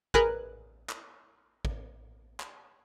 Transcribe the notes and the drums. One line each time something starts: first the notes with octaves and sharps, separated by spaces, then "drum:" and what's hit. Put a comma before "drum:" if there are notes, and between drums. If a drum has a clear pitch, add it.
G#4 A#4 B4 G#5 F#6, drum: kick
drum: clap
drum: kick
drum: clap